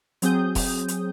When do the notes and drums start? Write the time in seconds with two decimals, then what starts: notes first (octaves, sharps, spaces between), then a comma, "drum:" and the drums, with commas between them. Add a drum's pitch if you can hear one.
0.22 F#3 C4 G#4 D#6 G6, drum: hi-hat
0.55 drum: kick E1, open hi-hat
0.88 drum: hi-hat